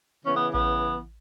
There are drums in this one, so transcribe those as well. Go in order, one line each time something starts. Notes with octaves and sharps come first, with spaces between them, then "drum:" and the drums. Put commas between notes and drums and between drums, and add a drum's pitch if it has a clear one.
C#3 E3 B3 C#4
B3
B3, drum: kick A1